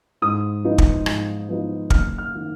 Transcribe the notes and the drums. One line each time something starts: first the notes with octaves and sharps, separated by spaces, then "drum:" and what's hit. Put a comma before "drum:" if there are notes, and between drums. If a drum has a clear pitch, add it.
G#2 D#6
F3 B3 D#4
drum: kick
G#2, drum: rim click
F3 B3 D#4
F#1 F6, drum: kick
F6
D#3